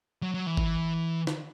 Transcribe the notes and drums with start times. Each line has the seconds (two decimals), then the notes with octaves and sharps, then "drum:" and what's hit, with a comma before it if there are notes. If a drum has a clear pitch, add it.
0.23 F#3
0.34 F#3
0.46 E3
0.57 drum: kick
1.27 drum: snare